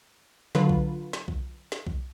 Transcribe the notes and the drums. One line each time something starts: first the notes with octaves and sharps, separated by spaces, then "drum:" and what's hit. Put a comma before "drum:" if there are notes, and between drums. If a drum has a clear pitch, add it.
D3 F#3 F4 B4, drum: snare
drum: kick B1
drum: snare
drum: kick B1
drum: snare
drum: kick B1